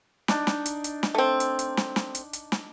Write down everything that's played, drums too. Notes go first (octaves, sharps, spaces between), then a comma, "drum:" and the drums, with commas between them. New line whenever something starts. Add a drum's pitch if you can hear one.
D4 D#4, drum: snare
drum: snare
drum: hi-hat
drum: hi-hat
drum: snare
A3 C4
drum: hi-hat
drum: hi-hat
drum: snare
drum: snare
drum: hi-hat
drum: hi-hat
drum: snare